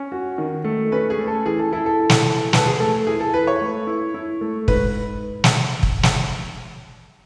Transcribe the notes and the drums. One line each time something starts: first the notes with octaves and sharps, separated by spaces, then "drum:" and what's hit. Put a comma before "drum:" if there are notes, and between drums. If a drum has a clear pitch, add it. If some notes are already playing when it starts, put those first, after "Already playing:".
Already playing: C#4
F#4
D#3
A3
C#4 B4
G#4
A3
A4
E3 G#4
A4
E4 A4
A4
E4
drum: snare
E3
A4 B4, drum: snare
G#4
A3 A4
E4 G#4
A4
E3 B4
C#5
A3
E4
E4
A3
G#2 B4, drum: kick
drum: snare
drum: kick
drum: snare